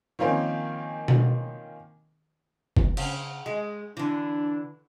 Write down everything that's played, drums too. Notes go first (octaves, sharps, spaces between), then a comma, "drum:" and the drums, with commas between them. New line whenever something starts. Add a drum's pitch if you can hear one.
D#3 F3 A#3 C4 C#4 D#4
drum: tom B2
drum: kick
C#3, drum: cymbal
G#3
D3 E3 D4